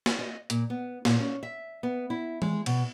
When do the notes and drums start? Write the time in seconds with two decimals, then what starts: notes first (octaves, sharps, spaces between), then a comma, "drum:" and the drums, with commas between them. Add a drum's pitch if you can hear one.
0.06 drum: snare
0.19 D#5
0.50 A#2, drum: hi-hat
0.70 B3
1.05 A#2, drum: snare
1.20 C#4
1.43 E5
1.83 B3
2.10 E4
2.42 G#3, drum: tom E3
2.66 B2, drum: cymbal